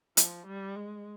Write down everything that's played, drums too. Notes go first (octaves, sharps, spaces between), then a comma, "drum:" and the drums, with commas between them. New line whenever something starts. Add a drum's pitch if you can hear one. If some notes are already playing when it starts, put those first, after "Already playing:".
F3, drum: hi-hat
G3
G#3